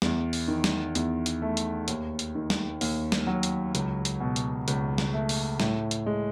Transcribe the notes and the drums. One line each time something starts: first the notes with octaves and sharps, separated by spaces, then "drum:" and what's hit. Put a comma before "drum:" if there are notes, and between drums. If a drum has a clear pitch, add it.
E2, drum: snare
drum: open hi-hat
D#3
drum: snare
E2, drum: hi-hat
drum: hi-hat
A3
drum: hi-hat
D#2, drum: hi-hat
drum: hi-hat
D#3
drum: snare
D#2, drum: open hi-hat
drum: snare
F#3
drum: hi-hat
C#2, drum: hi-hat
drum: hi-hat
B2
drum: hi-hat
C#2, drum: hi-hat
drum: snare
A3
drum: open hi-hat
A2, drum: snare
drum: hi-hat
G#3